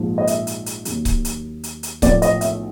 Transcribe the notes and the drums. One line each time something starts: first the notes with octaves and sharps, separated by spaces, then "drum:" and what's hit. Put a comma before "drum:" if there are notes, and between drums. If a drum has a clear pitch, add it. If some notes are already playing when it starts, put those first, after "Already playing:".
Already playing: A#1 G#2 F3
D#5
E5, drum: hi-hat
drum: hi-hat
drum: hi-hat
D#2 D#3 F#3, drum: hi-hat
drum: kick C#1, hi-hat
drum: hi-hat
drum: hi-hat
drum: hi-hat
B1 A2 F3 D5, drum: kick C#1, hi-hat
D#5, drum: hi-hat
E5, drum: hi-hat